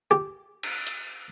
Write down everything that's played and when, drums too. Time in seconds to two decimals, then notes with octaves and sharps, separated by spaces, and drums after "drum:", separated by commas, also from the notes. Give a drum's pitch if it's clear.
0.11 G4
0.63 drum: cymbal
0.87 drum: hi-hat